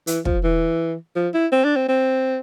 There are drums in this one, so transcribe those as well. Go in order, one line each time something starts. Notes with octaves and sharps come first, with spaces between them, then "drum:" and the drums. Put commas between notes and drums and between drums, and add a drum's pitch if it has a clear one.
E3, drum: hi-hat
F3, drum: kick
E3
F3
E4
C4
D4
C4
C4